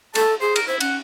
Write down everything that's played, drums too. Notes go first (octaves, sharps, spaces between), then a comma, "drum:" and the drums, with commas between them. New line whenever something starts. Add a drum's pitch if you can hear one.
A4 A5, drum: cymbal
G#4 C5
A#4, drum: cymbal
E4 C5
C#4 F#5, drum: cymbal